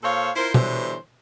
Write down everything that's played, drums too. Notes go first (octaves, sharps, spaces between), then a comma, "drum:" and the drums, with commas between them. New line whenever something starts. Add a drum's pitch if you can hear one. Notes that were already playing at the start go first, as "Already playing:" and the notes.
A#2 A4 C5 C#5 F5
E4 F4 A#4 C5
B2 D3 E3 G3 C5 C#5, drum: tom B2